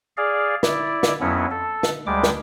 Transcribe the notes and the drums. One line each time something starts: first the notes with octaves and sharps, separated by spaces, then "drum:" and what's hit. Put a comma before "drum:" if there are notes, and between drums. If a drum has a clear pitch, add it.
G#4 D5 F5
E4 D5, drum: snare
drum: snare
F2 F#3 B3 C#4 E4
A4
drum: snare
D2 G3 G#3 D6
drum: snare